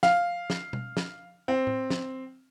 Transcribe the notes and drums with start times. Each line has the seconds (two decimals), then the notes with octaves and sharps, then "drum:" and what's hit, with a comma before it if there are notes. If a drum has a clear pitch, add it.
0.03 F5, drum: snare
0.50 drum: snare
0.73 drum: tom B2
0.97 drum: snare
1.48 C4
1.67 drum: tom A2
1.90 drum: snare